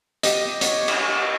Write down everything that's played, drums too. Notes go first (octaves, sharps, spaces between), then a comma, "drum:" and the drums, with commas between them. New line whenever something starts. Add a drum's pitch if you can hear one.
G4 D#5, drum: hi-hat
C#5, drum: hi-hat
drum: cymbal